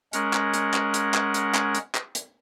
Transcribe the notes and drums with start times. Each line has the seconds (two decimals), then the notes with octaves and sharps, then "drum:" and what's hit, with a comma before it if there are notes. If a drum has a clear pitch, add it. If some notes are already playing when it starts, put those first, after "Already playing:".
0.13 G#3 C#4 A#4 F#5, drum: hi-hat
0.33 drum: clap
0.54 drum: hi-hat
0.74 drum: clap
0.94 drum: hi-hat
1.14 drum: clap
1.34 drum: hi-hat
1.54 drum: clap
1.75 drum: hi-hat
1.95 drum: clap
2.15 drum: hi-hat